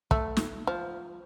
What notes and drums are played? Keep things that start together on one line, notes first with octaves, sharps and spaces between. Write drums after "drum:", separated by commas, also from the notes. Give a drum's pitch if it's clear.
A3, drum: kick
drum: snare
F3